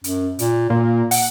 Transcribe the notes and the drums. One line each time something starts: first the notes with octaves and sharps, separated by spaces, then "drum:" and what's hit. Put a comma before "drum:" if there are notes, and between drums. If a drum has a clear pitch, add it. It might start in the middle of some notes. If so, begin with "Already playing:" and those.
F#2, drum: hi-hat
A#2, drum: hi-hat
A#2 A#3
F#5, drum: open hi-hat